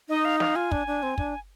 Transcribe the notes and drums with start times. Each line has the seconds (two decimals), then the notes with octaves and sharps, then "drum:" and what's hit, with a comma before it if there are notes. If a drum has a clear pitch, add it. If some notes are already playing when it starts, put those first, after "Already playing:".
0.09 D#4 D#5
0.25 F5
0.40 F5, drum: snare
0.56 F4 G#5
0.72 D4, drum: kick
0.87 D4
1.03 C4
1.18 D4, drum: kick